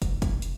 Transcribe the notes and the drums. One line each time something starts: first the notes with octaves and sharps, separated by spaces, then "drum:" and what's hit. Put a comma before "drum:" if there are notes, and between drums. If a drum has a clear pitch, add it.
F1, drum: kick, hi-hat
drum: kick, hi-hat
drum: hi-hat